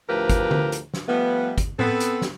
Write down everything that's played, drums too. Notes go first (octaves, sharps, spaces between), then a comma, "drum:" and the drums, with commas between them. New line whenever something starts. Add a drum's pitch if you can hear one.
D2 A2 F3 G4 A#4 B4
drum: kick, hi-hat
drum: tom D3
drum: hi-hat
drum: snare
F3 G3 A3 B3
drum: kick, hi-hat
B3 C4 A4, drum: tom A2
drum: hi-hat
drum: snare